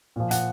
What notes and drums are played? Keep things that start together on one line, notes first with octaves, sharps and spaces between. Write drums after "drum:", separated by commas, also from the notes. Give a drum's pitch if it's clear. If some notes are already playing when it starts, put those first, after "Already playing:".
A#2 F3
F#5, drum: hi-hat